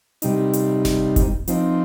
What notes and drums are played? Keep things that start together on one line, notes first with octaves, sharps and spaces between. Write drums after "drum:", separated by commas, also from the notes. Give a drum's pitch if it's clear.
C3 G3 D#4, drum: hi-hat
drum: hi-hat
drum: snare F#1
drum: kick F#1, hi-hat
F3 C4 D#4, drum: hi-hat